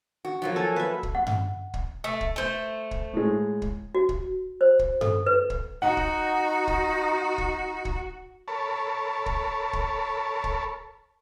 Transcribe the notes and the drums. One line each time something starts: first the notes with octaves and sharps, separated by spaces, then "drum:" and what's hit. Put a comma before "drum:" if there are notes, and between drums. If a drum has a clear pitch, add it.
F#4
F3 F#3 A#3
A4 G#5
B4 E5
drum: kick
F#5
drum: tom G2
drum: kick
A3
drum: kick
A3 C5
drum: kick
A2 G#3
drum: kick
F#4
drum: kick
C5
drum: kick
A4, drum: tom G2
B4
drum: kick
D#4 F#4 F#5
drum: kick
drum: kick
drum: kick
drum: kick
A4 A#4 C#5 A5 B5
drum: kick
drum: kick
drum: kick